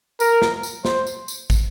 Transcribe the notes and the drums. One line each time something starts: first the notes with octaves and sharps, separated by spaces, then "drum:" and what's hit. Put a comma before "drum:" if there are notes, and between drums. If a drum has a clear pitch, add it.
A#4, drum: tambourine
drum: snare
drum: tambourine
C5, drum: snare
drum: tambourine
drum: tambourine
drum: kick, tambourine